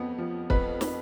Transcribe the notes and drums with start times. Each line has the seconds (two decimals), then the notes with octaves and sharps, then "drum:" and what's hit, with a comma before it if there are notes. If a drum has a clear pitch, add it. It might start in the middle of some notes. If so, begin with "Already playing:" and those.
Already playing: F2 B3
0.18 F3
0.50 F2 B4, drum: kick
0.81 drum: snare